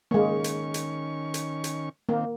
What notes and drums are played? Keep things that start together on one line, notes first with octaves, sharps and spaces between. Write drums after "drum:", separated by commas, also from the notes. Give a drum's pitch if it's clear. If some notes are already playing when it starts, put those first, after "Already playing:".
D#3 G#3 A#3 C#4 C#6
drum: hi-hat
drum: hi-hat
drum: hi-hat
drum: hi-hat
D#3 A#3 C4